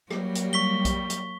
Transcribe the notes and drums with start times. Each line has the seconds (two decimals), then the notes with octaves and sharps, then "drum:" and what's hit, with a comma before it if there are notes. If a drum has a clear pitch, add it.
0.10 F#3 G3 A#3, drum: rim click
0.35 drum: hi-hat
0.53 C#6 B6 G7
0.85 drum: kick B1, hi-hat
1.10 drum: hi-hat